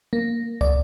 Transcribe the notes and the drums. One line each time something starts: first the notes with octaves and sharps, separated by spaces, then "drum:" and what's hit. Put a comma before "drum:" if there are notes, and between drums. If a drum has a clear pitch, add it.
A#3
D5, drum: kick